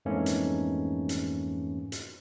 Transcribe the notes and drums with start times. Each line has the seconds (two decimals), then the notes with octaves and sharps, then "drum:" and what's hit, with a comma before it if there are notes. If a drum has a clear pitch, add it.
0.05 F2 G#2 E3 A3 A#3 C#4
0.26 drum: hi-hat
1.09 drum: hi-hat
1.92 drum: hi-hat